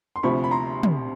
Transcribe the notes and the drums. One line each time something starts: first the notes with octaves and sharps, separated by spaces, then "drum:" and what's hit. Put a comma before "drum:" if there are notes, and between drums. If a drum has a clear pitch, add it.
C6
D2 C3 F3 B5 C#6
B5
A#5 C6
drum: tom